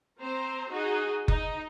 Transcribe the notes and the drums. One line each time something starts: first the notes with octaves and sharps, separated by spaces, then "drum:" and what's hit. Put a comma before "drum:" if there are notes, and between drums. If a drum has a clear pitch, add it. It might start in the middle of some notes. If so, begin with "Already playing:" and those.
C4 C5 A#5
D#4 F#4 G#4
D#4, drum: kick F#1